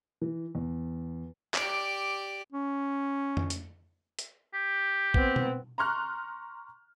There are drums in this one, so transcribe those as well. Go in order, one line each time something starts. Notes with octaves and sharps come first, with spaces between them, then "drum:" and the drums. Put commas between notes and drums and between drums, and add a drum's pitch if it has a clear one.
E3
E2
G4 D5, drum: clap
C#4
drum: tom F2
drum: hi-hat
drum: hi-hat
G4
B3 C4, drum: kick A#1
drum: tom B2
A#5 C6 C#6 F6 F#6